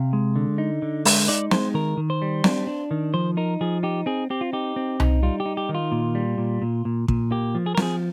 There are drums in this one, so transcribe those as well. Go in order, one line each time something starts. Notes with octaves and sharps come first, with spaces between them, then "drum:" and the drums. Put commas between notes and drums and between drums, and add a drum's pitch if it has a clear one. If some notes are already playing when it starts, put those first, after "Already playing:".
Already playing: C3 F5
G#3
D3
D#4
D3
G#3, drum: open hi-hat
D#4 D5
G#3 C5, drum: snare
D#3 A#4
D#3
C5
G3
D4, drum: snare
D4
D#3
F3 C5
D#4 A#4
F3 G#4
D#4 G4
C4 G#4
C4 G4
F4
D#4 G4
C4
D#4, drum: tom C2
G3 F4
G4
D#4
G4
D#3
F4
A#2
G3
A#2
A#2
A#2
A#2, drum: kick
A#3 G4
F3
G#4
A#4
F3 G#4, drum: snare